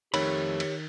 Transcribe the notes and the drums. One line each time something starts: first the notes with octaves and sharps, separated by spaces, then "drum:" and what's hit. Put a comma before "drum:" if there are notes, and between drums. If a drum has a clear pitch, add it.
F2 D#3 A3 G4 C#5 B5, drum: cymbal
drum: cymbal